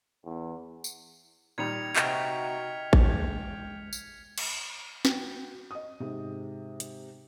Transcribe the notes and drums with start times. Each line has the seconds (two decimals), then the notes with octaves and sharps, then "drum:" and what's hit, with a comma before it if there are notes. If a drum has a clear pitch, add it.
0.24 E2
0.84 drum: tambourine
1.58 A#2 D#3 G3 G#6 C#7 F7
1.96 C3 F#4 D#5 G5 A#5 F6 B6, drum: clap
2.93 G#3 G5 G#6, drum: kick A1
3.93 drum: tambourine
4.38 drum: cymbal
5.05 F#4 G5, drum: snare
5.71 D#5 D#6
6.00 G#2 C3
6.80 drum: hi-hat